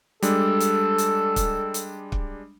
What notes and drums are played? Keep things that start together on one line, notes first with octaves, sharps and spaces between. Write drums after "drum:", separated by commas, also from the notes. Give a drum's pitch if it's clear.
G3 G#3 D4 A4, drum: hi-hat
drum: hi-hat
drum: hi-hat
drum: kick, hi-hat
drum: hi-hat
drum: kick